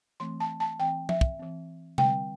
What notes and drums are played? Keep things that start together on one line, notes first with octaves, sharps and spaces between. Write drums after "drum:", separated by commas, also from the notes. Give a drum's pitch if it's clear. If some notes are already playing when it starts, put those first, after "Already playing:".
E3 A3 C4 C6
A5
A5
E3 C4 G5
E5, drum: tom F3
drum: kick
E3 C4
D3 G3 C4 G5, drum: tom C3